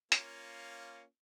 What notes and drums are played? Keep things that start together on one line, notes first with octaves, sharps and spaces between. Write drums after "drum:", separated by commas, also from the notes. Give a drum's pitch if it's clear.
A#3 C#4 F4, drum: hi-hat